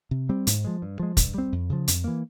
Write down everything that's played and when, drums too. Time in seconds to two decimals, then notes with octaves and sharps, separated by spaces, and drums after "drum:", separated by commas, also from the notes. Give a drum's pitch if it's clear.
0.11 C3
0.29 G3 C4
0.47 G#2, drum: hi-hat
0.64 F3 G#3
0.82 G2
0.99 F3 G#3
1.17 G2, drum: kick, hi-hat
1.34 G3 C4
1.52 F2
1.70 C#3 F3
1.88 F2, drum: hi-hat
2.04 E3 A#3